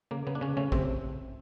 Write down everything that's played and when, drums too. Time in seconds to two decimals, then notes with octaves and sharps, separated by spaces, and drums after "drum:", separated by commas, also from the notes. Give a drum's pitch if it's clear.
0.11 C#3 A#3
0.27 C#3 B3
0.35 D4
0.41 C#3 C#4
0.57 C#3 A3 C#4
0.72 C3 A3 C4, drum: kick A#1